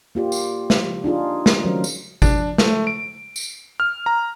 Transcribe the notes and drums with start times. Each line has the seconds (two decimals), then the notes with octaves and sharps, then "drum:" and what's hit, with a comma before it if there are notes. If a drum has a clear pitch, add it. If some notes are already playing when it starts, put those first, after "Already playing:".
0.15 A#3 F4 G4 D5
0.32 drum: tambourine
0.70 drum: snare
1.04 D4 D#4 F4 G#4
1.46 drum: snare
1.64 D#3 F#3 A3 C#4 A#4 C5
1.84 drum: tambourine
2.22 D4, drum: kick G#1, tambourine
2.58 A3, drum: snare
2.87 D7
3.36 drum: tambourine
3.80 F6
4.06 A#5